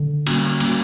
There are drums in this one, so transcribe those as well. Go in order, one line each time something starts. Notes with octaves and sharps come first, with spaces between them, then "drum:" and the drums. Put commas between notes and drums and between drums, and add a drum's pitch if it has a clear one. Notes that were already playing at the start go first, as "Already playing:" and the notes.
Already playing: D3
G3 A#3 C#4 F#4, drum: cymbal
G3 A#3 C#4 F#4, drum: cymbal